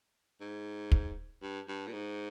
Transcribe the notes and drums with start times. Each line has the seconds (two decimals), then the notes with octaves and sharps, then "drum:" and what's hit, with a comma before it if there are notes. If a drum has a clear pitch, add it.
0.41 G#2
0.92 drum: kick
1.42 G2
1.68 G2
1.87 A#2
1.93 G#2